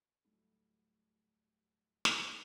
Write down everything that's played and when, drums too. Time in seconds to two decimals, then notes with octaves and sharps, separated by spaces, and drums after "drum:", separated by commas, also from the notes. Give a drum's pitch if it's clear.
0.24 D2 A2 F#3 G3 A3
2.05 drum: snare